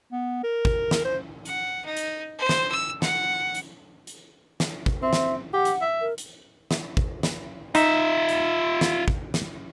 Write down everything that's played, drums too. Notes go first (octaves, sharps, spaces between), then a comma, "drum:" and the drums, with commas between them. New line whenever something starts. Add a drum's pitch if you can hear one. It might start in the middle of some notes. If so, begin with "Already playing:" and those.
B3
A#4
drum: kick
drum: snare
C5
F#5, drum: hi-hat
D#4
drum: hi-hat
C5
drum: snare
E6
F#5, drum: snare
drum: hi-hat
drum: hi-hat
drum: snare
drum: kick
C4 E5
drum: snare
G4 F#5
drum: hi-hat
E5
A#4
drum: hi-hat
drum: snare
drum: kick
drum: snare
D#4 F4 E5, drum: hi-hat
drum: hi-hat
drum: snare
drum: kick
drum: snare